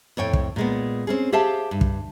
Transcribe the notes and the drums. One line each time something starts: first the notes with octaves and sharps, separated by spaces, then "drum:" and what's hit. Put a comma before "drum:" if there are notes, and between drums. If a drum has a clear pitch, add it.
F2 A2 C#5 G5
drum: kick
A#2 G#3 B3
C4 C#4 G#4
G4 G#4 C5 E5 F5 A5
G2
drum: kick